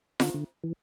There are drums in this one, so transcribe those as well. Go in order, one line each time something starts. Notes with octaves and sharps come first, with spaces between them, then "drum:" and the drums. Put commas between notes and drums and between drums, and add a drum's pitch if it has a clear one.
D3, drum: snare F4
D3
E3